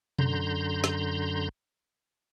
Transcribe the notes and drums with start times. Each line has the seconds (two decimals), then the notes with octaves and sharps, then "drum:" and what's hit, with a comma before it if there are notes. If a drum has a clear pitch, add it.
0.19 F#2 D3 A#5 C6 G6, drum: tom B2
0.84 drum: snare